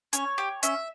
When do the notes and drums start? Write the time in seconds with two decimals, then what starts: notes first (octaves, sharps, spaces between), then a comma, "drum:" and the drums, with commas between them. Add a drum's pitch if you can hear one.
0.13 C#4 C#5, drum: hi-hat
0.38 G4
0.63 C#4 E5, drum: hi-hat